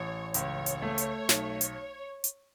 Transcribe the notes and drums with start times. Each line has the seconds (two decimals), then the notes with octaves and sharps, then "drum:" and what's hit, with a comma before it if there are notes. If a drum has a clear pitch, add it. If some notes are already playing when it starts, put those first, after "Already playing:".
Already playing: A1 C#5
0.34 C#2 C#5, drum: hi-hat
0.66 drum: hi-hat
0.82 A3
0.98 drum: hi-hat
1.29 B1, drum: snare
1.61 drum: hi-hat
2.24 drum: hi-hat